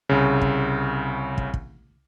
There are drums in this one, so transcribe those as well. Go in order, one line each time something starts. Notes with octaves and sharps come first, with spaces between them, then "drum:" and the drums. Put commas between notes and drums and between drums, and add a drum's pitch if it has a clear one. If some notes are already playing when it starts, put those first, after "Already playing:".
C2 C#3
drum: kick
drum: kick
drum: kick